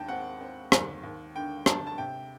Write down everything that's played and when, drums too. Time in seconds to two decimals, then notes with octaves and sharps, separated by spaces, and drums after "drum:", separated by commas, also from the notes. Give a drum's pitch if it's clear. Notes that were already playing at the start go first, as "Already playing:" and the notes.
Already playing: D#2 G5 A5
0.08 C4 F#5
0.41 C4
0.72 D#2, drum: rim click
1.03 D#2
1.35 D3 G5
1.66 D3 A5, drum: rim click
1.87 A5
1.98 C3 G5